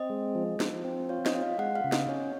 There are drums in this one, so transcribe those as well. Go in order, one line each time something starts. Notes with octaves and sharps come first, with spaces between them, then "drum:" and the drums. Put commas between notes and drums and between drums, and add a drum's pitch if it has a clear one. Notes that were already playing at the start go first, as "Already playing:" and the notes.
Already playing: C4 D#5
G#3
F3
F3, drum: snare
C4
F4 C#5
D#5, drum: snare
F4
F5
G#3 F#5
F5
C#3
D#5, drum: snare
C#4 C#5